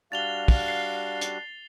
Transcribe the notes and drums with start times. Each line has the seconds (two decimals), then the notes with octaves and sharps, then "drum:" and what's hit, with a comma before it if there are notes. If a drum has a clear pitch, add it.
0.12 G3 D4 F#4 F5 A6 F7 G7
0.48 drum: kick, open hi-hat
0.66 A6 C7 G7
1.21 drum: hi-hat